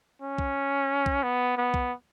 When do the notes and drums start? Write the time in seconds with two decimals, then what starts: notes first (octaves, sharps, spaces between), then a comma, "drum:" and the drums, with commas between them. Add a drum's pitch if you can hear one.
0.22 C#4
0.38 drum: kick B1
1.06 drum: kick B1
1.23 B3
1.57 B3
1.74 drum: kick B1